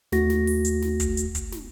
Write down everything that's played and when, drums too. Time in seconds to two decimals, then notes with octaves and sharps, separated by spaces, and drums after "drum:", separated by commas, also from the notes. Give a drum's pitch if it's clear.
0.12 D#2 A3 F#4 A#6, drum: snare
0.30 drum: snare
0.47 drum: open hi-hat
0.65 drum: hi-hat
0.82 drum: snare
1.00 drum: kick, hi-hat
1.17 drum: hi-hat
1.35 drum: kick, hi-hat
1.52 drum: snare